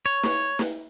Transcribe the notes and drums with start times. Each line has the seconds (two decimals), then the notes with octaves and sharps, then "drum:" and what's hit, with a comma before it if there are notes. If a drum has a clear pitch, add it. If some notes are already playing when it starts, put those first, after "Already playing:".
0.06 C#5
0.23 drum: snare
0.59 drum: snare